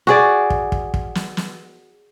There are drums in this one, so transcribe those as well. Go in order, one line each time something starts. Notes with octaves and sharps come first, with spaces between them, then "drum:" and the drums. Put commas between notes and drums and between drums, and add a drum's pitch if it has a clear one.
F#4 G#4 D5
drum: kick
drum: kick
drum: kick
drum: snare
drum: snare